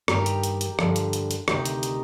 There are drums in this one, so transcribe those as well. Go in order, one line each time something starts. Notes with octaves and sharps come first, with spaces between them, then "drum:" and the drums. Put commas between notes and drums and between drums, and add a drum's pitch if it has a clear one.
G2 D#3 G4 A#4, drum: rim click
drum: hi-hat
drum: hi-hat
drum: hi-hat
G2 D3 F3, drum: rim click
drum: hi-hat
drum: hi-hat
drum: hi-hat
D2 C3 D#3 D#4 G4, drum: rim click
drum: hi-hat
drum: hi-hat